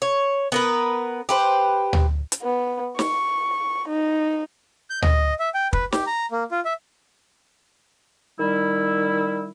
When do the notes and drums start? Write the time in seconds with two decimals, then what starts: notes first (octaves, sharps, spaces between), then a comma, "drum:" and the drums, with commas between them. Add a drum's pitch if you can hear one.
0.02 C#5
0.52 B3 A#4 B4
1.29 G4 B4 C5
1.93 drum: tom
2.32 drum: hi-hat
2.43 B3
2.99 C#6, drum: snare
3.89 D#4
4.90 G6
5.02 D#5, drum: tom
5.39 E5
5.54 G5
5.73 B4, drum: kick
5.92 G4, drum: snare
6.07 A#5
6.32 A#3
6.51 F4
6.65 E5
8.39 D#3 G3 E4